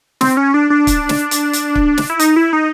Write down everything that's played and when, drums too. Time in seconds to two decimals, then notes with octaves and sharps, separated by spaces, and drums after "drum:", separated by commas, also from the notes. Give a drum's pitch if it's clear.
0.21 C4, drum: snare
0.37 C#4
0.54 D4
0.70 D4
0.87 drum: kick, hi-hat
1.09 drum: snare
1.31 drum: hi-hat
1.53 drum: hi-hat
1.75 drum: kick
1.98 drum: snare
2.10 E4
2.19 D#4, drum: hi-hat
2.36 E4
2.53 D#4